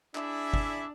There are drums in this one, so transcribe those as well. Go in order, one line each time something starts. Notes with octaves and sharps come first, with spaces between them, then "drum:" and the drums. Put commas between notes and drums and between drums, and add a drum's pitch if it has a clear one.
D4 E4 G#4 E5, drum: clap
drum: kick G1